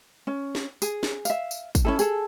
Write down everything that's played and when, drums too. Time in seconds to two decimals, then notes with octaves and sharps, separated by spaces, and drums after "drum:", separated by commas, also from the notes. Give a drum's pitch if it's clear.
0.27 C#4
0.55 drum: snare
0.82 G#4, drum: tambourine
1.03 drum: snare
1.25 E5 F5, drum: tambourine
1.51 drum: tambourine
1.75 drum: kick, tambourine
1.85 C#4 E4 A4
1.99 G#4 A4, drum: tambourine